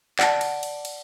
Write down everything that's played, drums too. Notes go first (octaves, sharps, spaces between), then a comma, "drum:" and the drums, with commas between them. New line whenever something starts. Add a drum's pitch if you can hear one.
D5 F#5 A5, drum: clap
drum: cymbal
drum: cymbal
drum: cymbal